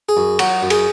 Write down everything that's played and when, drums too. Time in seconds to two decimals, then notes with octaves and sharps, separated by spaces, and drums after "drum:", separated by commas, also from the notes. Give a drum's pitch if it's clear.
0.09 G#4
0.17 F#2
0.39 F#3 F#4, drum: cymbal
0.63 F#2
0.70 G#4, drum: cymbal